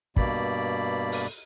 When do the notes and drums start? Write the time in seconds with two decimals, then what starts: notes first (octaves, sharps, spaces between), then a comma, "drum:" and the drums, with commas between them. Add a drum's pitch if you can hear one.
0.17 G2 B2 A#3 D5 B5, drum: kick
1.12 drum: open hi-hat